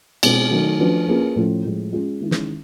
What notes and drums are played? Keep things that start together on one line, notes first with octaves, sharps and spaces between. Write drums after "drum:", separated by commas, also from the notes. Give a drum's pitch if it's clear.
B2 G#3 C4 F4, drum: cymbal
D#3 F#3 A3
F3 A3 D4 F#4 B4
A#3 C#4 F4 G#4 B4
A2 F3 A3 C#4
A2 F3 G#3
G#3 C#4 F4 G#4
D#3 G#3 C#4 E4
drum: snare